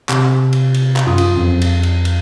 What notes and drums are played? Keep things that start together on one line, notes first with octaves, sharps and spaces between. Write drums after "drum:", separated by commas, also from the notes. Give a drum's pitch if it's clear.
C3, drum: clap
drum: cymbal
drum: cymbal
drum: clap
F#2 F4 D#6
drum: cymbal
F2
drum: cymbal
drum: cymbal
drum: cymbal